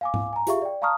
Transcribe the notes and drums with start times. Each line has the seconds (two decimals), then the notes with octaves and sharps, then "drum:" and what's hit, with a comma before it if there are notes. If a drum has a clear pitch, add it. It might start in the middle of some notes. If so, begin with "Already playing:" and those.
0.01 F5 G#5 D6
0.14 drum: tom G#2
0.33 G#5 A#5
0.47 F4 G4 G#4 E5 F5 C#6, drum: hi-hat
0.62 D5 G5
0.82 F5 A5 A#5 C#6 D#6 F6